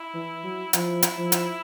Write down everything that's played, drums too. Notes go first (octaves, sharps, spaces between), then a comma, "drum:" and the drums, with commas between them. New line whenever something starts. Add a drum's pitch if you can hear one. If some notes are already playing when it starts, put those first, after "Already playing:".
Already playing: E4
E3
F#3
F3 E4, drum: hi-hat
drum: hi-hat
F3
drum: hi-hat